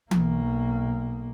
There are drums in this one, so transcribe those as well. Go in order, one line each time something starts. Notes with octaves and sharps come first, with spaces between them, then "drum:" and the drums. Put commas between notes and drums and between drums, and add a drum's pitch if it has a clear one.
B1 A#3, drum: tom E3